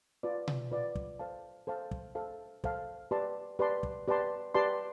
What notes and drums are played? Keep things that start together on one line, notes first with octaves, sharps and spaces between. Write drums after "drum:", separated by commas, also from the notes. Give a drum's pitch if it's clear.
F4 B4 D5
drum: tom B2
F4 B4 D5
drum: kick
A4 C5 F5 A5
A4 C5 F5 A5
drum: kick
A4 C5 F5 A5
A4 C5 F5 A5, drum: kick
G4 B4 D5 A5 C6
G4 B4 D5 A5 C6
drum: kick
G4 B4 D5 A5 C6
G4 B4 D5 A5 C6